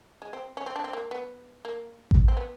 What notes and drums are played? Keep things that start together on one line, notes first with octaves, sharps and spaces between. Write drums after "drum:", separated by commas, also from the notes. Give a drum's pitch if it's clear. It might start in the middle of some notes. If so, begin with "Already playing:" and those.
G#3
C4
C#4
C4
D4
C4
A#3
B3
A#3
drum: kick A1
C4
B3